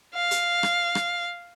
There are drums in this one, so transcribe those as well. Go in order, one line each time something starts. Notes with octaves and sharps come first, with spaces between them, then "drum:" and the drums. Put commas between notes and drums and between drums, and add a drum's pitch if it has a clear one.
F5
drum: hi-hat
drum: rim click
drum: rim click